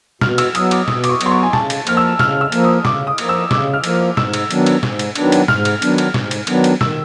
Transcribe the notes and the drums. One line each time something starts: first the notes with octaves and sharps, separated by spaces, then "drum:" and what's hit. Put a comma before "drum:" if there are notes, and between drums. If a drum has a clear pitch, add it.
B2 F6, drum: snare
E6, drum: cymbal
F#3 B3 D#6, drum: cymbal
D6, drum: cymbal
B2 D#6, drum: snare
D6, drum: cymbal
C#6
F#3 B3, drum: cymbal
C6
C#6
G#5
C#3 A5, drum: snare
drum: cymbal
F3 A#3 F6, drum: cymbal
E6
C#3 F6, drum: snare
E6
F3 A#3, drum: cymbal
D#6
C#3 D6, drum: snare
D#6
F3 A#3, drum: cymbal
E6
C#3 D6, drum: snare
F6
F3 A#3, drum: cymbal
F6
G#2 E6, drum: snare
drum: cymbal
D#3 F#3 B3 D4, drum: cymbal
drum: cymbal
G#2, drum: snare
drum: cymbal
D#3 F#3 B3 D4, drum: cymbal
drum: cymbal
G#2 F6, drum: snare
drum: cymbal
D#3 F#3 B3 D4, drum: cymbal
drum: cymbal
G#2, drum: snare
drum: cymbal
D#3 F#3 B3 D4, drum: cymbal
drum: cymbal
D#3 E6, drum: snare